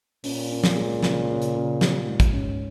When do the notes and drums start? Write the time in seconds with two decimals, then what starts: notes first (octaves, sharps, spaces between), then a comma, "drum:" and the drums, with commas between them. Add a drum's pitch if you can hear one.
0.24 A#2 C#4, drum: open hi-hat
0.51 C#4
0.64 drum: snare
0.76 G#3
1.03 C#3, drum: snare
1.29 C#3
1.42 drum: hi-hat
1.55 C#3
1.81 G4, drum: snare
2.07 G#2
2.20 drum: kick, hi-hat
2.33 C#4